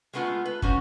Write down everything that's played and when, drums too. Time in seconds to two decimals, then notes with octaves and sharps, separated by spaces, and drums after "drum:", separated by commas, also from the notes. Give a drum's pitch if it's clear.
0.13 G#3 A3 B3 D#4 F4
0.45 B4
0.62 G3 C#4 F#4, drum: kick